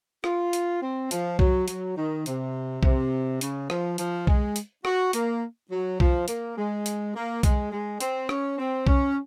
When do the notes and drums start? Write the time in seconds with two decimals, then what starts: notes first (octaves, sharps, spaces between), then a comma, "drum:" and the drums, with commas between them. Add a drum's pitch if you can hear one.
0.24 F4, drum: rim click
0.53 drum: hi-hat
0.82 C4
1.11 F3, drum: hi-hat
1.39 F#3, drum: kick B1
1.68 F#3, drum: hi-hat
1.96 D#3
2.26 C3, drum: hi-hat
2.83 C3, drum: kick B1
3.41 C#3, drum: hi-hat
3.70 F3, drum: rim click
3.98 F3, drum: hi-hat
4.27 G#3, drum: kick B1
4.56 drum: hi-hat
4.85 F#4, drum: rim click
5.13 A#3, drum: hi-hat
5.71 F#3
6.00 F3, drum: kick B1
6.28 A#3, drum: hi-hat
6.57 G#3
6.86 drum: hi-hat
7.15 A#3
7.43 G#3, drum: kick B1, hi-hat
7.72 G#3
8.00 C4, drum: hi-hat
8.29 C#4, drum: rim click
8.58 C4
8.87 C#4, drum: kick B1